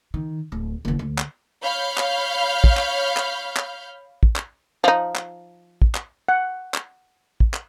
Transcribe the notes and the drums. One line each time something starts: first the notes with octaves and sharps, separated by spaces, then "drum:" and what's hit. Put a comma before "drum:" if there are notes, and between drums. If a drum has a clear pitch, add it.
D#3
D1
F#1 E2
D2
drum: clap
C#5 F5 B5 F6 G6
drum: clap
drum: kick
drum: clap
drum: clap
drum: clap
drum: kick
drum: clap
F3 D#4
drum: clap
drum: kick
drum: clap
F#5
drum: clap
drum: kick
drum: clap